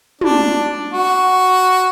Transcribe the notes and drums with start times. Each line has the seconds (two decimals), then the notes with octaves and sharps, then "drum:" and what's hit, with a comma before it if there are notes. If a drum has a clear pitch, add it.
0.21 D4, drum: tom
0.93 F#4